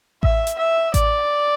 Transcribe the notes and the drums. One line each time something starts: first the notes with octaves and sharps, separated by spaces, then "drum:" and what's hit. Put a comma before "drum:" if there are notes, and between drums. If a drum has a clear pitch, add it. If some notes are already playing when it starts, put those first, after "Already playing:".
E5, drum: kick A1
drum: hi-hat
E5
D5, drum: kick A1, hi-hat